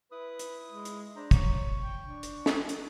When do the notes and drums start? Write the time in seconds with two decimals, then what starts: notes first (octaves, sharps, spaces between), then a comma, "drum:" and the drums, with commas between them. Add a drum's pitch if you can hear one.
0.12 E4 B4 D#6
0.39 drum: hi-hat
0.71 G#3
0.85 drum: hi-hat
1.16 D4 C5 A#5
1.31 C#5 C#6, drum: kick, hi-hat
1.81 G5
2.04 D4
2.23 drum: hi-hat
2.46 drum: snare
2.69 drum: hi-hat